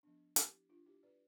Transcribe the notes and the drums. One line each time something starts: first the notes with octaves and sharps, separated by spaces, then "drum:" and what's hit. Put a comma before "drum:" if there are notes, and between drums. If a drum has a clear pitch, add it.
F3 B3 D4
E4 G4, drum: hi-hat
D4 F4
E4 G4
B4 D5